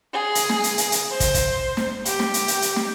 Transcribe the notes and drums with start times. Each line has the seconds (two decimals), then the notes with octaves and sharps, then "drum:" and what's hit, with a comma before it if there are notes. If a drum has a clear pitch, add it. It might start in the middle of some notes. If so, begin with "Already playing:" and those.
0.12 G#4
0.35 drum: hi-hat
0.49 drum: snare
0.64 drum: hi-hat
0.78 drum: hi-hat
0.92 drum: hi-hat
1.10 C5
1.20 drum: kick, hi-hat
1.34 drum: kick, hi-hat
1.77 drum: snare
2.05 G4, drum: hi-hat
2.20 drum: snare
2.34 drum: hi-hat
2.48 drum: hi-hat
2.62 drum: hi-hat
2.76 drum: snare